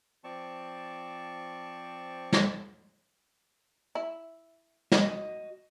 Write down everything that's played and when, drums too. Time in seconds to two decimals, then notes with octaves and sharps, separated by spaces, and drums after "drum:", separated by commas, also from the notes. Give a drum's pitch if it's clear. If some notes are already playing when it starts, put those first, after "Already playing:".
0.24 F3 C4 D5 A5 C#6
2.33 drum: snare
3.95 E4
4.92 F#4 D#5, drum: snare